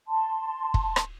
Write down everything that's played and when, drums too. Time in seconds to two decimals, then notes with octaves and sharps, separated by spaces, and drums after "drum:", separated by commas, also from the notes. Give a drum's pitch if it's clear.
0.08 A5 C6
0.74 drum: kick
0.96 drum: rim click